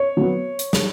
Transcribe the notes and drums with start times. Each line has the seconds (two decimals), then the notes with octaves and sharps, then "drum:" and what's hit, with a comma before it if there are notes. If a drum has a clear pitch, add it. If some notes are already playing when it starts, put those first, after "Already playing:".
Already playing: C#5
0.17 F#3 B3
0.59 drum: hi-hat
0.73 drum: snare